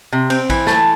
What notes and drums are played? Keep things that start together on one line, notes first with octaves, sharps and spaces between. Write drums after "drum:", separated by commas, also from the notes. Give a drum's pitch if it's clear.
C3
C4, drum: cymbal
E3, drum: kick A#1, cymbal
A3, drum: snare